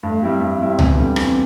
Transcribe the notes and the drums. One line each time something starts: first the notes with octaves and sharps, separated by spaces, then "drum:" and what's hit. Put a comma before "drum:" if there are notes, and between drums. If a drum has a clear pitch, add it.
G2 A3
G3 C4 E4 G4
G2
G3 E4 G4
E2, drum: tom C#2
D3 G3
E2 C4, drum: rim click